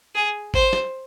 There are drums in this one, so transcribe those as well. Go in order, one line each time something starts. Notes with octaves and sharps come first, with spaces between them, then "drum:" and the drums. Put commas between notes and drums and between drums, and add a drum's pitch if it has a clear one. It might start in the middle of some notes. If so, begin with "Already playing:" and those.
G#4
C5, drum: kick G#1
drum: snare